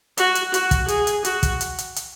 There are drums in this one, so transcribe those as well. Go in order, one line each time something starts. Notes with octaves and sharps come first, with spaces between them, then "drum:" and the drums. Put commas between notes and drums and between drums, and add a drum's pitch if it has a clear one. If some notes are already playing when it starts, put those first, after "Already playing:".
F#4, drum: hi-hat
drum: hi-hat
F#4, drum: hi-hat
drum: kick, hi-hat
G#4, drum: hi-hat
drum: hi-hat
F#4, drum: hi-hat
drum: kick, hi-hat
drum: hi-hat
drum: hi-hat
drum: hi-hat